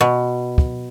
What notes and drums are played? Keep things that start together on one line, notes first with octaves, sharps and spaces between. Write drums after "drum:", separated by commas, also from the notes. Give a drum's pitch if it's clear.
B2
drum: kick